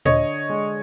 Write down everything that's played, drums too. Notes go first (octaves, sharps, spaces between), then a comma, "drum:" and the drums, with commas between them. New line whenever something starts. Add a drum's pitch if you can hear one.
D3 C#5 D#5, drum: tom A#2
G#3